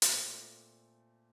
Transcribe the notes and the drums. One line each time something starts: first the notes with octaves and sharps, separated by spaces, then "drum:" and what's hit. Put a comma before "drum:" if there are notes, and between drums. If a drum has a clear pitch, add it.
A#2 A3 C4, drum: hi-hat